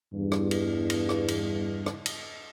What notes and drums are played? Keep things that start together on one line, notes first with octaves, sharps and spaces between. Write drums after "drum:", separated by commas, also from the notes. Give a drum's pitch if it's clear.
E2 G2
drum: rim click
drum: cymbal
drum: cymbal
drum: rim click
drum: cymbal
drum: rim click
drum: cymbal